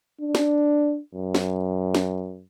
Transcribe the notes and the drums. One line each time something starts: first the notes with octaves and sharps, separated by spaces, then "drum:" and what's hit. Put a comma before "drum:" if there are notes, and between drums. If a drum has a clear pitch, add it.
D4
drum: snare
F#2
drum: snare
drum: snare